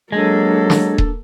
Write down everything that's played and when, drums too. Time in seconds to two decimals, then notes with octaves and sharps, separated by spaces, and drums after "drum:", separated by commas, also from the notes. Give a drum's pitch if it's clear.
0.12 F#3 G#3 A#3 D4 A4
0.70 drum: snare
0.98 drum: kick D#1